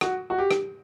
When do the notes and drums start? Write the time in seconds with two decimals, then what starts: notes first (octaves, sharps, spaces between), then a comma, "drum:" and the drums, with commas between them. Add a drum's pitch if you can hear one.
0.01 F#4, drum: rim click
0.30 F#4
0.38 G4
0.51 drum: rim click